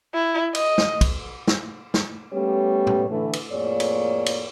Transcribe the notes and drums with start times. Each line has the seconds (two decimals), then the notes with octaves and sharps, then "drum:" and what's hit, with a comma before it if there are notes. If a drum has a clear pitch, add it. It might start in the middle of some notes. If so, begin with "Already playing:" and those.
0.14 E4
0.55 D#5, drum: cymbal
0.78 drum: snare
1.01 drum: kick, cymbal
1.48 drum: snare
1.94 drum: snare
2.33 G3 A3 B3 C#4 C#5
2.87 drum: tom A2
3.09 D3 E3 A3 B4
3.33 drum: cymbal
3.51 F2 A2 A#3 G#4 C#5 D5
3.80 drum: cymbal
4.26 drum: cymbal